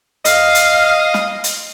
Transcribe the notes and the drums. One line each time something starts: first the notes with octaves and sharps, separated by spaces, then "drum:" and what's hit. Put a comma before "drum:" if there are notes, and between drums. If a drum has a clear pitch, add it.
D#5 F5, drum: hi-hat
drum: hi-hat
drum: snare
drum: hi-hat